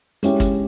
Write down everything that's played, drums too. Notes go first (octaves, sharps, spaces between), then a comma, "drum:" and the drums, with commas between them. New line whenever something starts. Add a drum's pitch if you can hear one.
G#3 C#4 E4 G4, drum: hi-hat
drum: kick, hi-hat